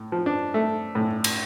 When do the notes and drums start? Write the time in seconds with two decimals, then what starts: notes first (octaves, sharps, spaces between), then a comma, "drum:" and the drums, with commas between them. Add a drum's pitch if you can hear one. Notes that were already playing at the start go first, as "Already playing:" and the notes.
Already playing: A2
0.12 F3
0.26 D4
0.54 A3
0.95 A2
1.24 drum: cymbal